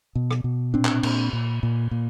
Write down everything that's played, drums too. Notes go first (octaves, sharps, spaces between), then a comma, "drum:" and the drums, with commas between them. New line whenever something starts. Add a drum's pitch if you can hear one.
B2
drum: rim click
B2
A#2 C4 D4
drum: clap
A#2, drum: cymbal
A#2
A#2
A#2